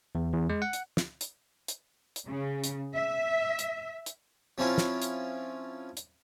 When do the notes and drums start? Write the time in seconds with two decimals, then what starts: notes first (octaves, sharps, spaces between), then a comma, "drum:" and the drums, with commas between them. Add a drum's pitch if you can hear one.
0.15 E2
0.33 E2
0.49 G#3
0.62 F#5
0.73 drum: hi-hat
0.97 drum: snare
1.21 drum: hi-hat
1.68 drum: hi-hat
2.16 drum: hi-hat
2.26 C#3
2.64 drum: hi-hat
2.95 E5
3.59 drum: hi-hat
4.06 drum: hi-hat
4.58 F3 C4 C#4 E4 F4
4.78 drum: snare
5.02 drum: hi-hat
5.97 drum: hi-hat